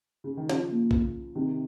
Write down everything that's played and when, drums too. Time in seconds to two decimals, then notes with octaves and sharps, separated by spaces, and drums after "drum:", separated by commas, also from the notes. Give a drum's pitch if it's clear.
0.24 C#3
0.37 D#3
0.49 C#3 F3 C#4, drum: snare
0.71 A#3
0.91 drum: kick B1
1.35 C3 D#3